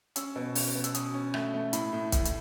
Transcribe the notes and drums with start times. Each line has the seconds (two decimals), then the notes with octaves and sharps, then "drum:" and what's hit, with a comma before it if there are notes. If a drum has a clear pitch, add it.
0.16 C#4 E6, drum: hi-hat
0.36 B2
0.55 C#4, drum: open hi-hat
0.75 B2
0.84 E6, drum: hi-hat
0.95 C#4 D#6, drum: hi-hat
1.14 C#4
1.34 A3, drum: rim click
1.54 A3
1.73 A2 B5, drum: hi-hat
1.93 A2
2.12 A2, drum: kick, hi-hat
2.25 drum: hi-hat